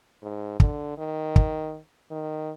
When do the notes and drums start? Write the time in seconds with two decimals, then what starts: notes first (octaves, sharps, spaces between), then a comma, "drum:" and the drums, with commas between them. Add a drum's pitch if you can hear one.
0.22 G#2
0.60 D3, drum: kick
0.98 D#3
1.36 drum: kick
2.11 D#3